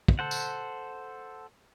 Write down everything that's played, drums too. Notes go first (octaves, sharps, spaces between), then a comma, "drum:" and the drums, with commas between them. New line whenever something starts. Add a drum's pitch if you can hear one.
drum: kick
A4 C5 F#5
drum: tambourine